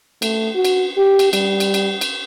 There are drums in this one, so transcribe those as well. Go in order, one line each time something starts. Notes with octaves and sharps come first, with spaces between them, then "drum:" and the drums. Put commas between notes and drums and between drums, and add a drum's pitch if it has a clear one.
A3, drum: cymbal
F#4
drum: cymbal
G4
drum: cymbal
G3, drum: cymbal
drum: cymbal
drum: cymbal
drum: cymbal